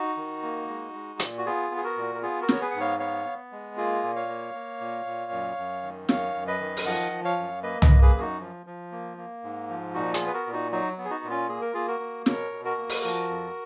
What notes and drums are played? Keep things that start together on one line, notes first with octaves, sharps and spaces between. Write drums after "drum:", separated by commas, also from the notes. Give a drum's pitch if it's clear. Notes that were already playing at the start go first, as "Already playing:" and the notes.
Already playing: D#4 F#4
D#3
A#3
G#3
G#3
A#2, drum: hi-hat
F#4
B3 F4 G#4
B3
G#4
F#4 A#4
A#2
A#4
B3 F4 G#4
F#4 A#4
B3 C#5, drum: snare
G#4 B4
G#2 F#5
C#5 F5
B3 C#5 F5
B3
G#3
A#3 F4 G#4
A#2
C#5 F5
A#3
A#3
A#2
A#2
F#2
F#2
D#3
F#2 C#5 F5, drum: snare
F#2
B4 D#5
D#3
drum: open hi-hat
F3 D#5 F#5
F3
C#5 F5
F#2
A#3 B4 D#5
B4 D#5, drum: tom
A#3
G#4 B4
F#2 G#4
D#4 F#4
F3
F3
A#3
A#3
G#2
F3
A#2 D#4 F#4
F4 G#4, drum: hi-hat
B3
B4
F#4 A#4
A#2
D#4 F#4
F#3 D#4 F#4
B3
G#4
D#4 F#4
A#2
C#4 F4
A#3 G#4
A#4
A#3 F4 G#4
F#4 A#4
A#3
B2 A#4 C#5, drum: snare
B2
F#4 A#4
A#3
drum: open hi-hat
F3
F2